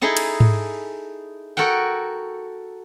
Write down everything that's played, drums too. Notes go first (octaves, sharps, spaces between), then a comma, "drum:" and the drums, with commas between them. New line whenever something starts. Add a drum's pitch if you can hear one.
D#4 E4 G#4 A4 D#5
drum: cymbal
drum: tom G#2
F#4 A4 A#4 F#5 G5